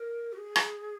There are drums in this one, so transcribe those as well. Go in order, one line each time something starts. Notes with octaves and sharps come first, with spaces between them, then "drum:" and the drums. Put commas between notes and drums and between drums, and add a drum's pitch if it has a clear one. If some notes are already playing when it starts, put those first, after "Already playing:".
Already playing: A#4
F#4
G#4
drum: rim click